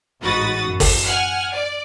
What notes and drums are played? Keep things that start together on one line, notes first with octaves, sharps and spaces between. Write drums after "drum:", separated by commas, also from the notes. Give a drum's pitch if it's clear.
A1 G#2 F#4 B5 D#6 A6
F#2
drum: kick, open hi-hat
F#5 G#5 F6
D5